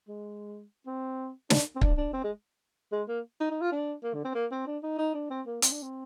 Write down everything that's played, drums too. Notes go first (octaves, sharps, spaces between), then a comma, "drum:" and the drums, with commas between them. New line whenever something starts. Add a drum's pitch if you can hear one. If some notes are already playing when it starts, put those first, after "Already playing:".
G#3
C4
D4, drum: snare
C4
D4, drum: kick
D4
C4
G#3
G#3
A#3
D#4
D#4
F4
D4
A#3
D3
C4
A#3
C4
D4
D#4
D#4
D4
C4
A#3
C4, drum: hi-hat
D4
C4